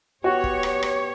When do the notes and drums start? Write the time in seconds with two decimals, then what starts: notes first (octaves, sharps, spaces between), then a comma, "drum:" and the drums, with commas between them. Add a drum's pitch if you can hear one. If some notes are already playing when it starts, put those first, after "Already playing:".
0.24 B3 F#4 G4 C#5
0.44 drum: kick
0.63 drum: rim click
0.83 drum: rim click